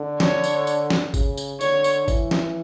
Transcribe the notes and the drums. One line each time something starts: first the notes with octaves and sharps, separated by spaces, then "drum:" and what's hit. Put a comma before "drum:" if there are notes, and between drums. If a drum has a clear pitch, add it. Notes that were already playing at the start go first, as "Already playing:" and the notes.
Already playing: D3
C#5, drum: snare
drum: tambourine
drum: tambourine
drum: snare
C#3, drum: kick, tambourine
drum: tambourine
D3 C#5, drum: tambourine
drum: tambourine
E3, drum: kick, tambourine
drum: snare